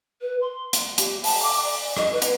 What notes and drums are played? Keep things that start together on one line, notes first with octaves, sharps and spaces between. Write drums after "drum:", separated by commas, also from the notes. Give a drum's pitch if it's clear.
B4
C6
drum: hi-hat
G4, drum: hi-hat
A5, drum: open hi-hat
D6
D5
D#5, drum: rim click
B4
drum: hi-hat